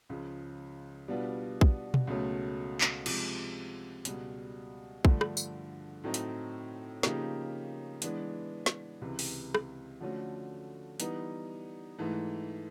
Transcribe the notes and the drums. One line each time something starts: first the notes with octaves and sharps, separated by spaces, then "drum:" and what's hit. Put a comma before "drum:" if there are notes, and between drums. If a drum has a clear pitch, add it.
C#2 C#3 F3
B2 G3 B3 D4 F4
drum: kick
drum: tom B2
C#2 B2 F#3 A3 C#4
drum: clap
C3 F3 G#3, drum: cymbal
C#2 B2 G3, drum: hi-hat
G2 D3 F3 A3, drum: kick
drum: rim click
drum: tambourine
A2 F#3 A3 C4 D#4
drum: hi-hat
C#3 F3 A#3 D#4 G4, drum: snare
E3 G#3 B3 D4, drum: hi-hat
drum: snare
C#2 C3 E3
drum: open hi-hat
drum: rim click
D3 F3 A3 C#4 F#4
E3 G3 B3 D#4, drum: hi-hat
G#2 E3 A3